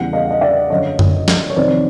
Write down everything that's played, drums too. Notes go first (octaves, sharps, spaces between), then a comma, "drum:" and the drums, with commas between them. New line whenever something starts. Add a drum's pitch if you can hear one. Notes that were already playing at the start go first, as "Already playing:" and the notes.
Already playing: E2 C#3 E3 G3 F#5
D#5 F5
D#5
D5 E5
F#2 D3 F#3 A3 C#5 D#5
drum: tom F#2
drum: snare
C#5
F2 C3 D#3 F#3 C5 D5